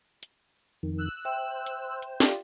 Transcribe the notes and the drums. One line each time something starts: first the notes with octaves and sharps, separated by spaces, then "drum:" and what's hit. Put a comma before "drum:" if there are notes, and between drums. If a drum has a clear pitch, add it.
drum: hi-hat
F2 D#3
E6 F#6
C5 E5 G5 E7
drum: hi-hat
drum: hi-hat
F4 G4 D5, drum: snare